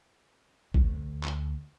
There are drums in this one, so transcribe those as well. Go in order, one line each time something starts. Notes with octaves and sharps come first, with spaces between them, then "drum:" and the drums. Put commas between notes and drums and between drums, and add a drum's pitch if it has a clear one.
D2, drum: kick
drum: clap